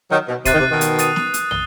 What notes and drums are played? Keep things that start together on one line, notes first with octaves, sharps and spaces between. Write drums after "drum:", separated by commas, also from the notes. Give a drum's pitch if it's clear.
D#3 F#3
B2
C3 F#6 A6 C7 D#7, drum: kick, hi-hat
D#3
C3
B2 D#3
drum: hi-hat
D#6 A6 D#7, drum: hi-hat
drum: snare
drum: hi-hat
G7, drum: tom